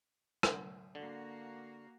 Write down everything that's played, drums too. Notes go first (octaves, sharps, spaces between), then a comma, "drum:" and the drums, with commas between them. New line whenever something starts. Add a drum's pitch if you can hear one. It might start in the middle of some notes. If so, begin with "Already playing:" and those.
drum: rim click
D3 A#3 F#4